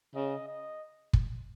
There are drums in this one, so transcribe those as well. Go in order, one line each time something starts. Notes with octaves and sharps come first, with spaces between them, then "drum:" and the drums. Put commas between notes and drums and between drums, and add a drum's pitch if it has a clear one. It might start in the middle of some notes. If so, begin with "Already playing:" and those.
C#3 D#5
D#5
drum: kick